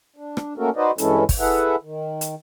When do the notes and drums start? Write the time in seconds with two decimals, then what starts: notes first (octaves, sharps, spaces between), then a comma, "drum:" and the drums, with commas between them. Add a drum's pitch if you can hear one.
0.16 D4
0.37 drum: rim click
0.57 A3 A#3 C#4 F#4 A4 A#4
0.76 D#4 F#4 B4 C5 D5 D#5
0.98 G2 E3 G#3 C#4 E4 A4, drum: hi-hat
1.29 drum: kick, open hi-hat
1.40 E4 G#4 A4 B4 E5 F#5
1.83 D#3
2.21 drum: hi-hat